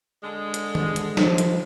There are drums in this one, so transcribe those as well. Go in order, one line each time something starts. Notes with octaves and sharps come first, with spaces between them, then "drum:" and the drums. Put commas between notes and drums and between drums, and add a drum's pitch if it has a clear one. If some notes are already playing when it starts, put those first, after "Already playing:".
D3 G#3
drum: hi-hat
drum: tom
drum: hi-hat
F3, drum: snare
drum: hi-hat